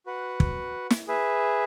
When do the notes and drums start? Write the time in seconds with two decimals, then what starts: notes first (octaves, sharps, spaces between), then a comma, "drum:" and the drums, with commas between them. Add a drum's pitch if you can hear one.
0.06 F#4 B4 F#5
0.40 drum: kick
0.90 drum: snare
1.07 G#4 B4 E5